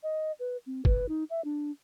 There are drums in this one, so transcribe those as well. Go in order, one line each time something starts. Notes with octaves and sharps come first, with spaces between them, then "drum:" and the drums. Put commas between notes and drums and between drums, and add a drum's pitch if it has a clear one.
D#5
B4
C4
B4, drum: kick
D#4
E5
D4